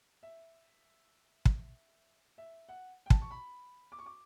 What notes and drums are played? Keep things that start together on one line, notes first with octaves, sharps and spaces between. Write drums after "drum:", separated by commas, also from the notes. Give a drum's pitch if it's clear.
E5
drum: kick
E5
F#5
G5
A5, drum: kick
C#6
B5
D6
C#6
D6